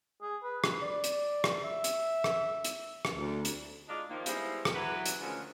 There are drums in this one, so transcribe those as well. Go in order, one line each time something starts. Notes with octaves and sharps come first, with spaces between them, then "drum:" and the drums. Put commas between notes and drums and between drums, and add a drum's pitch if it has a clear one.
G#4
B4
drum: rim click
D5
drum: hi-hat
drum: rim click
E5
drum: hi-hat
drum: rim click
drum: hi-hat
drum: rim click
D2
drum: hi-hat
G#3 D4 D#4 F4 D5
D#3 F3 A#3
G3 G#3 B3 E4 C5, drum: hi-hat
drum: rim click
E3 F#3 B4
drum: hi-hat
D2 D3 D#3 F3 G#3 C#4